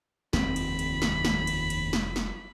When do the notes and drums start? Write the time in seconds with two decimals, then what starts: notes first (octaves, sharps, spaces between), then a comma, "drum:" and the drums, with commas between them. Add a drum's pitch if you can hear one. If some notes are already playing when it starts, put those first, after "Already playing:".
0.33 F1 D#2 C4 B5, drum: snare
0.56 drum: cymbal
0.79 drum: cymbal
1.02 drum: snare
1.25 drum: snare
1.47 drum: cymbal
1.70 drum: cymbal
1.93 drum: snare
2.16 drum: snare